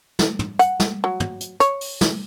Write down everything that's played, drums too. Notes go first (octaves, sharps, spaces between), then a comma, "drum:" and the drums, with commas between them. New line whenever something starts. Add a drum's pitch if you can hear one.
drum: snare
drum: tom
F#5, drum: hi-hat
drum: snare
F#3
drum: tom
drum: hi-hat
C#5, drum: hi-hat
drum: open hi-hat
drum: snare